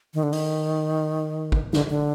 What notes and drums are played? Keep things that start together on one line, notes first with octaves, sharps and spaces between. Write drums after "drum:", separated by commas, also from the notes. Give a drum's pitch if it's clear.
D#3
D3
D#3, drum: open hi-hat
drum: kick
D3, drum: snare
D3